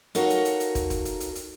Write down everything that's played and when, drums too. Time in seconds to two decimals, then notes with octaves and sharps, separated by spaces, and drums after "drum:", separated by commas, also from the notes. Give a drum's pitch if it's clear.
0.15 D#4 F4 F#4 A4 A#4 C#5, drum: hi-hat
0.30 drum: hi-hat
0.45 drum: hi-hat
0.60 drum: hi-hat
0.75 drum: kick, hi-hat
0.90 drum: kick, hi-hat
1.05 drum: hi-hat
1.20 drum: hi-hat
1.35 drum: hi-hat